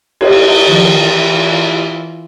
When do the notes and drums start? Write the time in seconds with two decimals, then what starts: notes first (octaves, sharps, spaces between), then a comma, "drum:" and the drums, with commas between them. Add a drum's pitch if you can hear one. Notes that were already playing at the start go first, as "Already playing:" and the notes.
0.21 G4 C#5, drum: cymbal
0.66 D#3 F3
0.99 E3 F4